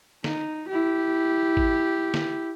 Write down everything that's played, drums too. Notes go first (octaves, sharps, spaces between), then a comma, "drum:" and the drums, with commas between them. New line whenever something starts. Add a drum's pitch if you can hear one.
D#4, drum: snare
E4 G4
drum: kick G#1
drum: snare